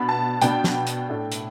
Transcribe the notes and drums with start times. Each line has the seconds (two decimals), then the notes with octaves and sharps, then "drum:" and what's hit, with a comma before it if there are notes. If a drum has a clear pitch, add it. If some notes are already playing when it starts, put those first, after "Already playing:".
Already playing: B2 B3 D4 B5
0.09 A5
0.42 B2 B3 D4 G5, drum: hi-hat
0.64 drum: snare
0.87 drum: hi-hat
1.09 A2 A3 D4
1.32 drum: hi-hat